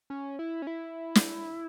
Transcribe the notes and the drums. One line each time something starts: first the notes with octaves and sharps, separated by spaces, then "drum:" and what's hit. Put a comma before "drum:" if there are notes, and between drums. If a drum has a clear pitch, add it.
C#4
E4
C#4
E4
drum: snare